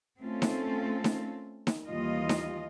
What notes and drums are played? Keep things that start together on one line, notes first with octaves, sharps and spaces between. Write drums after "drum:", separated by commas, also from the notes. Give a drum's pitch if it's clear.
A3 C4 C#4 F4 A4
drum: snare D#4
drum: snare D#4
drum: snare D#4
D#2 E3 G3 F4 D#5
drum: snare D#4